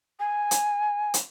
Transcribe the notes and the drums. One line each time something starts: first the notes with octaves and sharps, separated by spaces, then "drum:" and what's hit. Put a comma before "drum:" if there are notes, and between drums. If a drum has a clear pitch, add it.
G#5
drum: hi-hat
drum: hi-hat